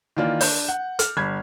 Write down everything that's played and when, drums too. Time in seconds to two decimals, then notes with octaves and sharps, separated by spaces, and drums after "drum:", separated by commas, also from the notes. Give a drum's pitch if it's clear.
0.17 D#3 E3 A#3 F4 D5
0.41 D4 G6, drum: open hi-hat
0.68 F#5
0.99 F6, drum: hi-hat
1.17 G1 B5 G#6